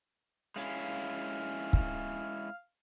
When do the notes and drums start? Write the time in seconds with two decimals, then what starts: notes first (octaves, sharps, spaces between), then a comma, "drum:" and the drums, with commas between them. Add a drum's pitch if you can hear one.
0.56 G#3 C#4 E4 F5
1.73 drum: kick